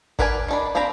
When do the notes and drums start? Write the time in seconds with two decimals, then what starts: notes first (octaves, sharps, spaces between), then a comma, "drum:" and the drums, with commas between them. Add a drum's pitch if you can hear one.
0.19 D4 A#4 B4 D5 G#5, drum: kick G#1
0.48 D#3 D4 B5
0.75 A#3 C4 D4 A#5 B5